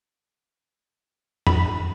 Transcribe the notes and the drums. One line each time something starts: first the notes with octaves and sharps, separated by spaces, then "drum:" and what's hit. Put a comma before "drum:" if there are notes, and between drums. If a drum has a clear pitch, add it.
B5, drum: tom F2